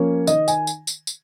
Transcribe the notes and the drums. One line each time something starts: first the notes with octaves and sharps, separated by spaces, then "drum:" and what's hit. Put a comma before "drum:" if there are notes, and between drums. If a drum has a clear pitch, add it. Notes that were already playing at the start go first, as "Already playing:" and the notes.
Already playing: F3 A#3 C#4 C#5
D#3 D#5, drum: tambourine
G#5, drum: tambourine
drum: tambourine
drum: tambourine
drum: tambourine